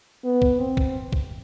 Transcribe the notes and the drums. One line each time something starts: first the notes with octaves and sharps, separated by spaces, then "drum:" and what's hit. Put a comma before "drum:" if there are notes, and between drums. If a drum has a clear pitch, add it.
B3
drum: kick A#1
C4
drum: kick A#1
drum: kick A#1